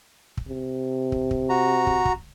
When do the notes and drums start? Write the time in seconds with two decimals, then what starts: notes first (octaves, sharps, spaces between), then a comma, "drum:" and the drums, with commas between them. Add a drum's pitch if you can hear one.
0.37 drum: kick
0.49 C3
1.12 drum: kick
1.31 drum: kick
1.49 F#4 A#5
1.87 drum: kick
2.05 drum: kick